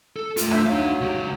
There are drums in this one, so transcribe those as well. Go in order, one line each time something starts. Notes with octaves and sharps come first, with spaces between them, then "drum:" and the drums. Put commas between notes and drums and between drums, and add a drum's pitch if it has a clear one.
A4
A3 F4, drum: hi-hat
D4 C5 E5, drum: rim click
F#3 D4 D#4 F5
C#2 F#4 G4